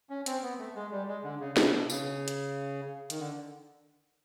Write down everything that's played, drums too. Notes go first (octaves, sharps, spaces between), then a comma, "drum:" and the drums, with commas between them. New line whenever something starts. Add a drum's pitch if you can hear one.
C#4
C4, drum: hi-hat
B3
A3
G#3
G3
G#3
D3
C#3
C3, drum: snare
B2
C#3, drum: tambourine
drum: hi-hat
D#3, drum: hi-hat
D3